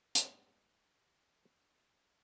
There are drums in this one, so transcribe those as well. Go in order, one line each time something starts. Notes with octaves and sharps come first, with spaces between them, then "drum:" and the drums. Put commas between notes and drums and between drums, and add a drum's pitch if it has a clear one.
G#2 G3 G#3 A#3 B3 G4, drum: hi-hat